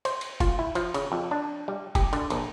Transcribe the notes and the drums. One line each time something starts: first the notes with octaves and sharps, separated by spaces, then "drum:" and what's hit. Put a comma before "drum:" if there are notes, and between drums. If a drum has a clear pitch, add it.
C5, drum: cymbal
drum: cymbal
F4, drum: kick, cymbal
E4
F3, drum: cymbal
C#3, drum: cymbal
F2
D4
G3
G4, drum: kick, cymbal
D3, drum: cymbal
A#1, drum: cymbal